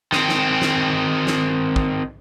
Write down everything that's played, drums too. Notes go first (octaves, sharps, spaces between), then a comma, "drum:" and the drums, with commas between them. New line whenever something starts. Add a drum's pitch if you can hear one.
D#3 C4, drum: snare
drum: snare
drum: snare
drum: snare
drum: kick